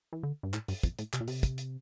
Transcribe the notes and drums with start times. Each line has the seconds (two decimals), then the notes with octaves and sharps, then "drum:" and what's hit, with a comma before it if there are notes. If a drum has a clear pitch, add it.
0.13 E3
0.23 D3
0.43 G2
0.54 A2, drum: clap
0.68 G2, drum: open hi-hat
0.83 F2, drum: kick, hi-hat
0.99 A2, drum: hi-hat
1.13 C3, drum: clap
1.21 A#2
1.28 C3, drum: open hi-hat
1.43 drum: kick, hi-hat
1.58 drum: hi-hat